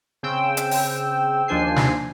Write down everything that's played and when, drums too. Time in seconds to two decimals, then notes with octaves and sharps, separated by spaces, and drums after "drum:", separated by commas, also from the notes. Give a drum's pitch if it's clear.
0.23 C#3 C4 G5 E6
0.57 drum: hi-hat
0.71 drum: open hi-hat
1.48 D#2 F3 D4 C5 G#5 C7
1.76 drum: snare